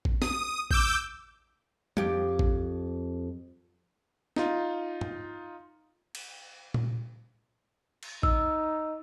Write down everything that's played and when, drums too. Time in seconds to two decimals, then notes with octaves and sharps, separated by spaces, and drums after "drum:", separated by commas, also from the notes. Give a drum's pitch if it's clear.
0.05 drum: kick A1
0.22 D#6, drum: snare
0.71 D6 E6 G6, drum: kick A1
1.97 F2 G4, drum: tom
2.39 drum: kick A1
4.36 D#4 F4, drum: snare
5.01 drum: tom
6.15 drum: cymbal
6.74 drum: tom A#2
8.03 drum: cymbal
8.23 D#4 E6, drum: kick A1